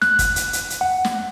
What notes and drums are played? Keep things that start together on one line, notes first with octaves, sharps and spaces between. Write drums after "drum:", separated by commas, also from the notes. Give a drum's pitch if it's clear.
F#6, drum: snare
drum: kick, hi-hat
drum: hi-hat
drum: hi-hat
drum: hi-hat
F#5
drum: snare